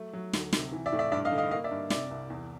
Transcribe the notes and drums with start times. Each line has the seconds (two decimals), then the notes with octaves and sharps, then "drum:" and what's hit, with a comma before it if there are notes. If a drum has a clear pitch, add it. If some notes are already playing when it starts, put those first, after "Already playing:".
Already playing: F#3 A3
0.13 F#3
0.33 D2, drum: snare
0.53 C3, drum: snare
0.72 E3
0.86 D5 E5
0.92 A2
0.99 D5 E5
1.12 G2 D5 E5
1.25 D#5 F5
1.32 D3
1.38 D#5 F5
1.51 A#3 D#5 F5
1.64 D5 E5
1.71 G2
1.90 C3 D5 E5, drum: snare
2.11 C2
2.30 E2